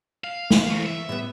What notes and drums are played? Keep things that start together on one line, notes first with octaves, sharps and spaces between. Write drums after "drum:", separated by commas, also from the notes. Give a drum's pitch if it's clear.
F5
E3, drum: snare
F3 A3
E5
A2 G3 B3